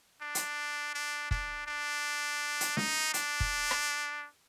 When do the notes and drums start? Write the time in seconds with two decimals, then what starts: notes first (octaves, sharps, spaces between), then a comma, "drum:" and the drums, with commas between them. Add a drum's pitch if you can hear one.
0.21 D4
0.35 drum: hi-hat
0.94 D4
1.31 D4, drum: kick
1.67 D4
2.61 drum: hi-hat
2.77 D#4, drum: snare
3.14 D4, drum: hi-hat
3.40 drum: kick
3.71 drum: rim click